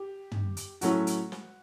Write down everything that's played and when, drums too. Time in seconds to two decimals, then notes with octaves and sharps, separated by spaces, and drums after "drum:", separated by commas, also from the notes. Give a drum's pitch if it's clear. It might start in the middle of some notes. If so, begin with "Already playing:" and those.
Already playing: G4
0.32 drum: tom
0.57 drum: hi-hat
0.81 A2 F#3 A3 C#4 F#4, drum: hi-hat
1.07 drum: hi-hat
1.32 drum: snare